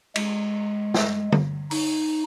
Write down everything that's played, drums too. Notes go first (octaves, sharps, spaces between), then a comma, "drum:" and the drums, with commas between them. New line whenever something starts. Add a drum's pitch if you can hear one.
G#3, drum: cymbal
drum: snare
drum: tom D3
D#4, drum: open hi-hat